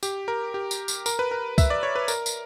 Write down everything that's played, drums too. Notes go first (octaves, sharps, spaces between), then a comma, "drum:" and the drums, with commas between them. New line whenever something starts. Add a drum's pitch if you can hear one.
G4, drum: tambourine
A#4
G4
drum: tambourine
drum: tambourine
A#4, drum: tambourine
B4
A#4
E5, drum: kick, tambourine
D5
C#5
B4
A#4, drum: tambourine
drum: tambourine